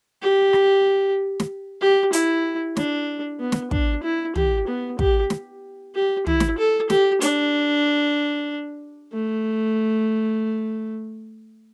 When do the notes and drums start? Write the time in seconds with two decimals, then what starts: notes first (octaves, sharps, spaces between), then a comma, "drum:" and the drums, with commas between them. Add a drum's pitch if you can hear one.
0.22 G4
0.53 drum: rim click
1.40 drum: snare
1.81 G4
2.13 E4, drum: hi-hat
2.77 D4, drum: snare
3.40 B3
3.52 drum: snare
3.71 D4, drum: kick
4.03 E4
4.36 G4, drum: tom
4.67 B3
4.99 G4, drum: kick
5.30 drum: snare
5.95 G4
6.27 E4, drum: tom
6.40 drum: snare
6.58 A4
6.90 G4, drum: snare
7.21 D4, drum: hi-hat
9.13 A3